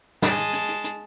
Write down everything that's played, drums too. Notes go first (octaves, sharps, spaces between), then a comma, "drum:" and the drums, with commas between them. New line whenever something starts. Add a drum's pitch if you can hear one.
G#3 A5, drum: snare
drum: hi-hat
drum: hi-hat
drum: hi-hat
drum: hi-hat